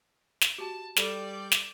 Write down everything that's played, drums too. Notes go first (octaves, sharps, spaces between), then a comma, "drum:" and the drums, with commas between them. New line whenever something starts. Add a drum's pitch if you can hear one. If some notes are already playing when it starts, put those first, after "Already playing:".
drum: snare
F#4 G4 A5
G3 A4 D5 G6, drum: snare
drum: snare